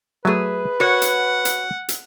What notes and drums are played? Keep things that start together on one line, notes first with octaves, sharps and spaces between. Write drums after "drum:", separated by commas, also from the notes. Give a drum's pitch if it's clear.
F#3 A3 G#4 B4 E5
F#4 A#4 C#5 F#5
drum: hi-hat
drum: hi-hat
drum: hi-hat